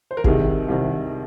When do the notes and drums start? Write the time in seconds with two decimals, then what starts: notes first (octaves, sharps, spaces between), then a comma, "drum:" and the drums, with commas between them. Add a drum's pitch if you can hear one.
0.11 C5
0.17 A#4
0.24 C2 C3 D#3 G#4, drum: kick G1
0.69 C2 C3 D#3